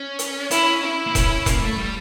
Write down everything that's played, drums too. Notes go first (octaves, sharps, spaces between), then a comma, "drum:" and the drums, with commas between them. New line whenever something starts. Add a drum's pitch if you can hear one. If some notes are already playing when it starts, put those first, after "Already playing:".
Already playing: C#4
drum: hi-hat
C#4 E4, drum: hi-hat
E4
A#3
C#4, drum: kick E1, hi-hat
A#3, drum: kick E1, hi-hat
A3
G3